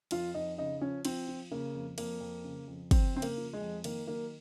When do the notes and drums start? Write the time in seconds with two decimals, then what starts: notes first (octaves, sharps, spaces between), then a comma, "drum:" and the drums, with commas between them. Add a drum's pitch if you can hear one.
0.11 F2 F4, drum: cymbal
0.34 F2 D#4
0.58 C#3 D#4
0.81 F3 C#4
1.05 F3 C4, drum: cymbal
1.28 F3
1.51 C#3 A#3
1.74 F2
1.98 F2 A#3, drum: cymbal
2.21 F2
2.44 C#3
2.68 F2
2.91 F2 C4, drum: kick, cymbal
3.15 C#3 C4
3.22 A#3, drum: cymbal
3.38 F3
3.53 G#3
3.61 F2
3.84 D#3 A#3, drum: cymbal
4.07 F#3 A#3